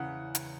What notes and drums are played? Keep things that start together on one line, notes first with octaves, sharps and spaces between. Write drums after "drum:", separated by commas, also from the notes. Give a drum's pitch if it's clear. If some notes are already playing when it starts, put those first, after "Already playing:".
Already playing: E2 C#3 E3 F#5
drum: hi-hat